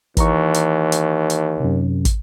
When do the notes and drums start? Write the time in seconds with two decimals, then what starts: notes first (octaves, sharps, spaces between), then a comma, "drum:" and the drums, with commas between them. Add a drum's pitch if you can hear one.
0.17 D#2 E3 A#5 C#6, drum: kick, hi-hat
0.54 drum: hi-hat
0.92 drum: hi-hat
1.30 drum: hi-hat
1.60 F#2 C3
2.05 drum: kick, hi-hat